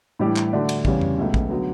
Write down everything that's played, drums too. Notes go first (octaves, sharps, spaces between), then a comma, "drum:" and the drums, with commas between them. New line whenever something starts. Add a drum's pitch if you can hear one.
A2 E3 G3 D4 G4
drum: clap
D3 A3 D4 F#4
drum: cymbal
E2 C#3 G3 C#4, drum: kick
drum: tom F2
C#2 B2 F#3 A3
drum: kick
D3 F#3 B3